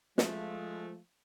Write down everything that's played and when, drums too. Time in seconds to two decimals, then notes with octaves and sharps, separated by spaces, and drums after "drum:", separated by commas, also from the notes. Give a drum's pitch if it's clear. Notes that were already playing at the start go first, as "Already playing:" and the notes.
0.18 F3 G#3 A3, drum: snare